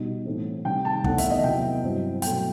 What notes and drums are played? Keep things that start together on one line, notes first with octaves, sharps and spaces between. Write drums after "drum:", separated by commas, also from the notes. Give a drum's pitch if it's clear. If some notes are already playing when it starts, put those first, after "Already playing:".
Already playing: B2 G3 D#4
A2 E3 A3 C4
C3 D#3 G3 G5
A5
E2 D#3 A3 C4 F#5, drum: kick
E5, drum: hi-hat
D#5
C3 F#3 B3 E4 G5
G2 F#3 C4 E4
B2 F#3 A3 E4 G5, drum: hi-hat